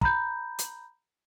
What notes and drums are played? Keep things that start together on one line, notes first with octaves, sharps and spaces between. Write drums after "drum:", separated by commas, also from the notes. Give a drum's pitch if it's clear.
A#5 B5 G6, drum: kick
drum: hi-hat